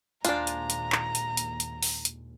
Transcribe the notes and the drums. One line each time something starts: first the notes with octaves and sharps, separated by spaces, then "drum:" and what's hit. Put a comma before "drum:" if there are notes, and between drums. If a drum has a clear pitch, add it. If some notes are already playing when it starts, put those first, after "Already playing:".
D#2 A#2 G#3 D4 F4 C5 D5 A#5, drum: hi-hat
drum: hi-hat
drum: hi-hat
drum: clap
drum: hi-hat
drum: hi-hat
drum: hi-hat
drum: open hi-hat
drum: hi-hat